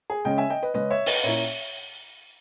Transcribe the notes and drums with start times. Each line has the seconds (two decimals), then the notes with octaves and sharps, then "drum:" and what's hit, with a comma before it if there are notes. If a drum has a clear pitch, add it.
0.10 G#4
0.25 C#3 G#3 C#4 D#5 G5
0.38 E5 G#5
0.50 D#5 G5
0.62 B4 D#5
0.74 C#3 G#3 C#4 B4 D#5
0.90 C#5 E5
1.06 B4 D#5, drum: open hi-hat
1.24 A#2 A#3 C#4 E4 C#5 E5